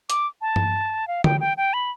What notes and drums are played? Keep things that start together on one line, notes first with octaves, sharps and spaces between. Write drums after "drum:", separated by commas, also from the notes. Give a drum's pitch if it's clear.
D6, drum: hi-hat
A5
drum: tom G2
F5
G5, drum: tom D3
G5
G5
B5